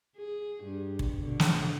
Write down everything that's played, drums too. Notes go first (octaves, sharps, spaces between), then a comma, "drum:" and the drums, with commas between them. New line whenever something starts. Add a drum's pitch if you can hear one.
G#4
G2
drum: kick
B2 D3
drum: snare